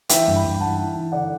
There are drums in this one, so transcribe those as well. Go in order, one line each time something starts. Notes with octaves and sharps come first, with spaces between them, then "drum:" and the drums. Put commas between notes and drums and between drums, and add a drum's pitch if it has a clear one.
E3 E5 G5, drum: hi-hat
G2
G5 B5
G2
E3 F#5 A5
E3
E3
D3 D5 F#5